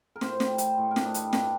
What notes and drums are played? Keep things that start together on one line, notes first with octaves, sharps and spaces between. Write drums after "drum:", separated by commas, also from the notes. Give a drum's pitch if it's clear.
A#4
A2 C5, drum: snare
G3, drum: snare
G3, drum: hi-hat
A2
A#4
A2 D4, drum: snare
D#4
G3, drum: hi-hat
G2 D4, drum: snare